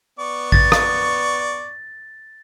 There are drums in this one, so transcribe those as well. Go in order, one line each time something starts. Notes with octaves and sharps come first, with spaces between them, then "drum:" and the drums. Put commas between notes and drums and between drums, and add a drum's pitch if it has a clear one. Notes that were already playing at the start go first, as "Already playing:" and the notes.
B3 D5 C#6
A6, drum: kick A1
drum: rim click